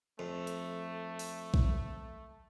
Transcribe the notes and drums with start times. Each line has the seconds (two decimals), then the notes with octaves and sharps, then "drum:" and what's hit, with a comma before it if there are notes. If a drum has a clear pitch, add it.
0.19 F2 A3
0.47 drum: hi-hat
1.19 drum: open hi-hat
1.54 drum: kick A#1